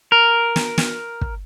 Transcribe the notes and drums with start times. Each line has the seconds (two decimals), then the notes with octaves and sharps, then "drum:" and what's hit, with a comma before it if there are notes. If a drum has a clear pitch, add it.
0.12 A#4
0.56 drum: snare
0.78 drum: snare
1.21 drum: kick